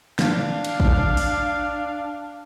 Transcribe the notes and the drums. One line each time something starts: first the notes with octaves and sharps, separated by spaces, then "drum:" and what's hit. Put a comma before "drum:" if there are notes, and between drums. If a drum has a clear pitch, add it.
D4 F5, drum: snare
drum: cymbal
drum: kick
drum: open hi-hat